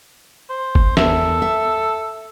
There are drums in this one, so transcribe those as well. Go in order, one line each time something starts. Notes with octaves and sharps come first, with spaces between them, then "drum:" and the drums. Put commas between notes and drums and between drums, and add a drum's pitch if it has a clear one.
C5
drum: kick G1
E2 A4 A#4 E5, drum: snare
E5